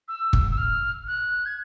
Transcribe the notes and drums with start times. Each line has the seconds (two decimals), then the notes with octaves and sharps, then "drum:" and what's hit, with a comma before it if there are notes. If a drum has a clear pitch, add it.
0.08 E6
0.33 drum: kick
0.51 E6
0.58 F6
1.08 F#6
1.46 G#6